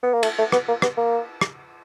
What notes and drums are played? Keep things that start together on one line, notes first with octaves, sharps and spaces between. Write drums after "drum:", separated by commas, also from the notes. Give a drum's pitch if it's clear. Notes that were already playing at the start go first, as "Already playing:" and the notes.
B3
A#3
A3, drum: cymbal
A3
B3, drum: rim click
A#3
B3, drum: rim click
A#3
drum: rim click